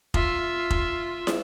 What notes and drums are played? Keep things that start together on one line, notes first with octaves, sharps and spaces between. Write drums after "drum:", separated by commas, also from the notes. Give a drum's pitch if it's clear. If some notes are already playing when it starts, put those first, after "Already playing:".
F4 E5, drum: kick F1
drum: kick F1
drum: snare